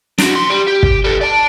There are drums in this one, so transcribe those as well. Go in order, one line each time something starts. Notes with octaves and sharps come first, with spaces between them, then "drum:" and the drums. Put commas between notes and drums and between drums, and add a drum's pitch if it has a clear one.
D4 F#4, drum: snare
C3 C6
G3
G4
drum: kick
G3 A4
D5 A5